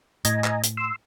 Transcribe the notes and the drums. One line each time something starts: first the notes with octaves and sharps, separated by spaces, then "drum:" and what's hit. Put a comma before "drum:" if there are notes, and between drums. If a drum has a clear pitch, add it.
A2 D#5 G#5 A#5, drum: hi-hat
drum: clap
drum: hi-hat
C6 E6